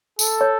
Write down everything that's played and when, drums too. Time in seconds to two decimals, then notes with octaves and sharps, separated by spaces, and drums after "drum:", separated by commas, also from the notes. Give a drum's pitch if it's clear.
0.19 A4, drum: tambourine
0.41 C#5